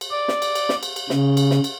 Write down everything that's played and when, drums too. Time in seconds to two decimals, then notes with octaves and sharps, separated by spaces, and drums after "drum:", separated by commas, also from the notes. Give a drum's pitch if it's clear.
0.01 drum: cymbal
0.11 D5
0.28 drum: snare
0.42 drum: cymbal
0.55 drum: cymbal
0.69 drum: snare
0.83 drum: cymbal
0.96 drum: cymbal
1.10 C#3, drum: snare
1.37 drum: cymbal
1.51 drum: snare
1.64 drum: cymbal